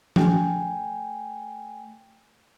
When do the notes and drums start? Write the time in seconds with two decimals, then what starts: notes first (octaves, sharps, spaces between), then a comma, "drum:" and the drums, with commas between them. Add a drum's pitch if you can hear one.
0.16 A3 G5 G#5, drum: tom F3